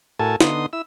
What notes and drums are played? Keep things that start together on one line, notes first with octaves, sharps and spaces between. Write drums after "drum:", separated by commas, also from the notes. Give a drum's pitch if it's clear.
A2 F#4 A4 A#4 G#5 A5
D3 B3 D#4 C6 D#6, drum: snare
E4 E6